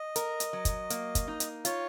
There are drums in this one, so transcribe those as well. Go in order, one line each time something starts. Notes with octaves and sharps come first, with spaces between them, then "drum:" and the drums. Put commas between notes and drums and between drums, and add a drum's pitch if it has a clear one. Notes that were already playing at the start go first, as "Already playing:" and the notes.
Already playing: D#5
A#4, drum: hi-hat
drum: hi-hat
F#3
drum: kick, hi-hat
A#3, drum: hi-hat
drum: kick, hi-hat
D#4
drum: hi-hat
F4 C#5, drum: hi-hat